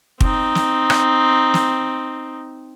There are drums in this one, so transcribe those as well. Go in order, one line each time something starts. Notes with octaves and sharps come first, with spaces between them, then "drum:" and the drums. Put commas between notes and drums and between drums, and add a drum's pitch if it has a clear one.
C4 D#4, drum: kick
drum: snare
drum: rim click
drum: snare